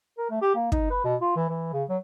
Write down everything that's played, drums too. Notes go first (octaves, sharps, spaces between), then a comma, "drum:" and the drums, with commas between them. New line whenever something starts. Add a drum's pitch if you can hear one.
A#4
A3
G4
A#3
D#4, drum: kick
B4
B2
F4
E3
E3
C#3
F#3